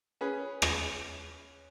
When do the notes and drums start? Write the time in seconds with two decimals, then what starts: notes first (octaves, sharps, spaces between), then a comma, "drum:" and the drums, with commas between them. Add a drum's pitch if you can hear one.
0.21 C#4 G#4 B4
0.62 drum: rim click